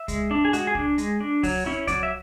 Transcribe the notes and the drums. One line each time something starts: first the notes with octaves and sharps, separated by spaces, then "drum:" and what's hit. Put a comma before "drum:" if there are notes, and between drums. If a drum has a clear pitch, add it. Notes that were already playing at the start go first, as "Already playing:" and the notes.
Already playing: E5
G#3, drum: kick C2, hi-hat
D4
G#4
G#3 F#4, drum: hi-hat
G#4
D4, drum: kick C2
G#3, drum: hi-hat
D4
F#3, drum: kick C2, open hi-hat
C#4 E4
F#3 D5, drum: kick C2, hi-hat
E5